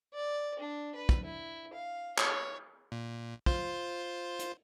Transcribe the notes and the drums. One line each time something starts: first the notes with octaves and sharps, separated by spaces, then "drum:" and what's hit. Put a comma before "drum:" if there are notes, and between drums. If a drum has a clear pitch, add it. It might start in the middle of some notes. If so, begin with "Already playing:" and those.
D5
D4
B4
drum: kick
E4
F5
C#5, drum: clap
A#2
F4 C5, drum: kick
drum: hi-hat